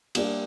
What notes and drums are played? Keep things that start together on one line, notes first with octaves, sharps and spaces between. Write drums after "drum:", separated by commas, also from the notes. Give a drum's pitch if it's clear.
G3 A#3 D4 G4 D5, drum: cymbal